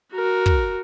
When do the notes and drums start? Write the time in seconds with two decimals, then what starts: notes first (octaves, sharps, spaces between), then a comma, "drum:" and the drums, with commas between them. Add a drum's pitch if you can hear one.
0.13 F#4 A#4
0.46 drum: kick